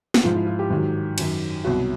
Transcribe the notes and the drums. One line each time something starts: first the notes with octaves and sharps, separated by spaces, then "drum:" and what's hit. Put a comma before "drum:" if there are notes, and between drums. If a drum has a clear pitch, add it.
drum: snare
G#2 F3 F4
E4
F4
G4
G#2 D#3 F#3
F#2 D#3 F#3, drum: cymbal
C2 B2 F#3 F#4